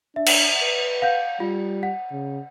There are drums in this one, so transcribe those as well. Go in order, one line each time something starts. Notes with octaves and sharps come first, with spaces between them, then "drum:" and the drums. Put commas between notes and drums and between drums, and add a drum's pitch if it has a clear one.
D4 E5
drum: cymbal
B4
F5 F#5 G6
G3 F4
F#5
C#3